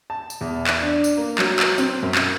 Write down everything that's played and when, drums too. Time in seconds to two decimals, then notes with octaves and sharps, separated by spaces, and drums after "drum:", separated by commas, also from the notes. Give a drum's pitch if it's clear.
0.10 A5
0.30 drum: tambourine
0.41 E2
0.67 drum: clap
0.82 D4
1.04 drum: tambourine
1.17 A#3
1.38 F#3, drum: clap
1.59 drum: clap
1.78 C4, drum: tambourine
2.03 F#2
2.15 drum: clap